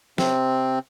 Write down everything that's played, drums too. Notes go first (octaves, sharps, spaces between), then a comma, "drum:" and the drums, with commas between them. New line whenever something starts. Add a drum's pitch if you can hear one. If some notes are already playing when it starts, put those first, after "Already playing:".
C3 C4, drum: snare